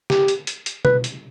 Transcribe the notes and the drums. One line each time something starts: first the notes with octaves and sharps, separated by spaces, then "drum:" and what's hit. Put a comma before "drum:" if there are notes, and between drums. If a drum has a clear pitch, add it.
G4, drum: snare
drum: hi-hat
drum: hi-hat
drum: hi-hat
B4, drum: tom B2
drum: hi-hat